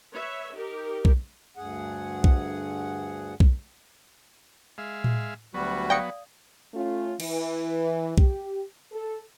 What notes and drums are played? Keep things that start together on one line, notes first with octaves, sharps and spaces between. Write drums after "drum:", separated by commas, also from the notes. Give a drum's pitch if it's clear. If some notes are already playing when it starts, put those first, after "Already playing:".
B4 C#5 E5
D#4 G4 A#4
drum: kick B1
D2 G2 G#4 F#5
drum: kick B1
drum: kick B1
G#3 E5 F5
drum: tom A2
D2 F#3 G3 B3 F#4
D5 F5 G5 D#6 A#6 C#7
A3 C#4 F4
E3, drum: cymbal
G4, drum: kick B1
A4